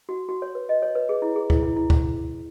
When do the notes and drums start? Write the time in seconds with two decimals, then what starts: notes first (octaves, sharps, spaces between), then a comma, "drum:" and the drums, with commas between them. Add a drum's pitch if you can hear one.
0.09 F#4
0.29 F#4
0.42 C#5
0.55 B4
0.69 D#5
0.82 C#5
0.95 B4
1.09 G#4
1.22 E4
1.36 G#4
1.50 E4, drum: kick
1.63 E4
1.76 E4
1.90 drum: kick